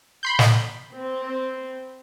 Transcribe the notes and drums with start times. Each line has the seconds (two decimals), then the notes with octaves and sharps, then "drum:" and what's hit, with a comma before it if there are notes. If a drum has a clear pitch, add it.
0.23 B5 C6 G6
0.39 drum: snare
0.92 C4